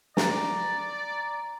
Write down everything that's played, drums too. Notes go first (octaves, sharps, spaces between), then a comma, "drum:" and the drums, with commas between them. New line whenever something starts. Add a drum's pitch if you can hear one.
D5 A#5, drum: snare